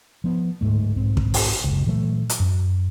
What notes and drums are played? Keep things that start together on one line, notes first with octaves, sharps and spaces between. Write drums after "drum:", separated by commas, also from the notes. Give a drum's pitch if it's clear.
F3 B3
D1 C#2 G#2 A3
B1 G#2 C4
drum: kick
drum: open hi-hat
F#1 C#2
A#2 E3 F#3 A3
drum: hi-hat
F#2